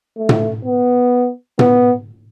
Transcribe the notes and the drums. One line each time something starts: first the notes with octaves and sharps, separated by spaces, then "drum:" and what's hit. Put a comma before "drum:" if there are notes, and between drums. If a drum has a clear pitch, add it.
A3
drum: tom
B3
B3, drum: tom